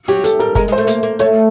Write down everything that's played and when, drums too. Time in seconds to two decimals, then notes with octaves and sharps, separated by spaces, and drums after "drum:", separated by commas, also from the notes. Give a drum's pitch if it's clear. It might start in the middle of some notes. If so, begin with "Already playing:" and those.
0.08 F#3 G4
0.24 A4, drum: hi-hat
0.39 G3 A#4
0.55 G#3 A#4, drum: kick
0.68 G#3 C5
0.78 A3
0.87 A#3, drum: hi-hat
1.03 A#3
1.19 A3 C#5